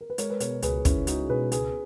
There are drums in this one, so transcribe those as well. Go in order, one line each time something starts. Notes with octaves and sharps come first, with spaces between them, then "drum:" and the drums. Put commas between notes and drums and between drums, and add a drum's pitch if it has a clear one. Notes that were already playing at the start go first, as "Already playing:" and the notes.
A#4
B4
G#3 A#4 C#5, drum: hi-hat
B4
B2 A#4 C#5, drum: hi-hat
C#2 G#4 B4, drum: hi-hat
C#2 C#4 E4, drum: kick, hi-hat
G#3 D#4 F#4, drum: hi-hat
B2 G#4 B4
C#2 G#4 B4, drum: hi-hat